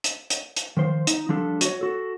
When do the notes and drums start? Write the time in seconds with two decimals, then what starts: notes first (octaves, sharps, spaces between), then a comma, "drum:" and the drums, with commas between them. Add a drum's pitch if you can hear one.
0.04 drum: hi-hat
0.30 drum: hi-hat
0.57 drum: hi-hat
0.77 D#3 F3 C5
1.07 D#4, drum: hi-hat
1.29 F3 G3 D4 A4
1.61 F#4 C#5, drum: hi-hat
1.81 F#4 A4